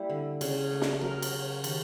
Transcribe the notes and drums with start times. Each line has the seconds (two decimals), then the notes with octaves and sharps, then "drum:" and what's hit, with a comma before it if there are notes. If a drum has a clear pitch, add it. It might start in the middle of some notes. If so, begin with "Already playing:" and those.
Already playing: G3 A#3 E4
0.10 D3
0.41 C#3, drum: cymbal
0.71 A3
0.81 drum: snare
1.01 F#3 A#4
1.22 drum: cymbal
1.33 C#3
1.64 D#3, drum: cymbal